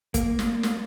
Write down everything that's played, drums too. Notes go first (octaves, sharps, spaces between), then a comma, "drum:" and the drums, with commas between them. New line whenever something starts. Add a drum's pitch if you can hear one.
A#3, drum: kick, hi-hat
drum: snare
drum: snare